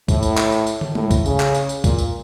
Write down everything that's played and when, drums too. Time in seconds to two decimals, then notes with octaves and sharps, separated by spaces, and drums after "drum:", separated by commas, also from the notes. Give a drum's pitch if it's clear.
0.08 A2, drum: kick, tambourine
0.23 drum: tambourine
0.37 drum: clap
0.52 drum: tambourine
0.67 drum: tambourine
0.81 drum: tom
0.95 A2, drum: tom G#3
1.11 drum: kick, tambourine
1.26 C#3, drum: tambourine
1.40 drum: clap
1.55 drum: tambourine
1.69 drum: tambourine
1.84 A#2, drum: kick, tambourine
1.99 drum: tambourine